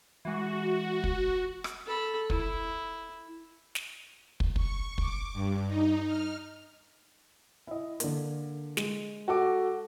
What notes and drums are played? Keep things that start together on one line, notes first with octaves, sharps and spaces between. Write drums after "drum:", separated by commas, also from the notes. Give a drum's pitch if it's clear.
E3 G#3 F#4
drum: kick
drum: rim click
A4 B5
E4, drum: kick
drum: snare
drum: kick
C#6, drum: kick
D6, drum: kick
G2
D#4
F6
E4 D#5
D3 A#3, drum: hi-hat
G#3, drum: snare
F#4 A4 D6